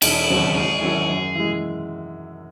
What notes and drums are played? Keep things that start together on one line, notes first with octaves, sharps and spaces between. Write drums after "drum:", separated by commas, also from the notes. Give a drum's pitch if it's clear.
E1 E4, drum: cymbal
D#2 C#3 F#3 C4
G#2 G#4
D#3 F#3 C#4 E4
F#2
E3 G#3